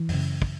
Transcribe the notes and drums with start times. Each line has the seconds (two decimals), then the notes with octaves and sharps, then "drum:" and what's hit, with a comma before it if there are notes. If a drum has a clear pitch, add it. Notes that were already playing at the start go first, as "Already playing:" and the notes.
Already playing: E3
0.09 F#2, drum: open hi-hat
0.14 C#3
0.42 drum: kick